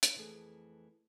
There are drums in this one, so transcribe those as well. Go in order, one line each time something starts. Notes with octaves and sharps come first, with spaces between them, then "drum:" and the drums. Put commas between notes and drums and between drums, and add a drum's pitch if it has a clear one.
drum: hi-hat
F2 E3 A3 G#4